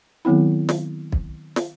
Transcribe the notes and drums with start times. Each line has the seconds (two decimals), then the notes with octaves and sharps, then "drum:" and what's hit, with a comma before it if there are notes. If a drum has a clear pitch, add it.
0.25 D#3 F#3 B3 C4 E4
0.69 drum: snare
1.12 drum: kick
1.56 drum: snare